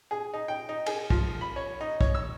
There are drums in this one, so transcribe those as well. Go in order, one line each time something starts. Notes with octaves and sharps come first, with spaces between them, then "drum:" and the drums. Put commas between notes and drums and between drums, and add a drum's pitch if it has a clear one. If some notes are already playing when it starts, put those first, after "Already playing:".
G#4
D#4
G5
D#4
G#4, drum: cymbal
F3, drum: kick
B5
C#5
D#4
C#5, drum: kick
E6